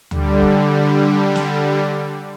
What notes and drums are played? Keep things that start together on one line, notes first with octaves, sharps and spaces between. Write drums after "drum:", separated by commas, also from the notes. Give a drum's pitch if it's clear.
D3 G3, drum: tom D2
drum: kick
drum: snare